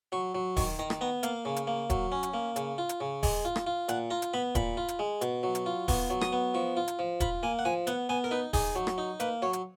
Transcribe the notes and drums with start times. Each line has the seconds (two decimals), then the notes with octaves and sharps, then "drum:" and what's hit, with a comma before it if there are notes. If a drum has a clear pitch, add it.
0.12 F#3 C#6
0.35 F#3
0.57 D#3 C#6, drum: kick D#1, open hi-hat
0.79 D#3 A#5
0.90 drum: rim click
1.01 B3 A#5
1.23 A#3 F5, drum: hi-hat
1.45 C#3
1.56 drum: hi-hat
1.67 A#3
1.90 F#3, drum: kick D#1, hi-hat
2.12 C#4
2.23 drum: hi-hat
2.34 A#3
2.56 C#3, drum: hi-hat
2.78 F4
2.89 drum: hi-hat
3.01 C#3
3.23 G#3, drum: kick D#1, open hi-hat
3.45 F4
3.56 drum: rim click
3.67 F4
3.89 A#2 F#5, drum: hi-hat
4.10 F4 A#5
4.22 drum: hi-hat
4.34 B3 B5
4.55 A#2 B5, drum: kick D#1, hi-hat
4.77 F4
4.88 drum: hi-hat
4.99 G#3
5.21 B2, drum: hi-hat
5.43 F#3
5.55 drum: hi-hat
5.66 F4
5.88 B3 C#6, drum: kick D#1, open hi-hat
6.10 F#3
6.21 D#6, drum: rim click
6.32 B3
6.54 F3 C#6
6.77 F4
6.88 drum: hi-hat
6.99 F3
7.20 F4 B5, drum: kick D#1, hi-hat
7.43 A#3 G#5
7.59 F#5
7.65 F3 G#5
7.87 B3 F#5, drum: hi-hat
8.09 B3 G#5
8.24 A#4
8.31 D#4 B4
8.53 D#4 G#4, drum: kick D#1, open hi-hat
8.75 F#3
8.87 drum: rim click
8.98 D#4
9.20 A#3 B4, drum: hi-hat
9.42 F#3 C#5
9.53 drum: hi-hat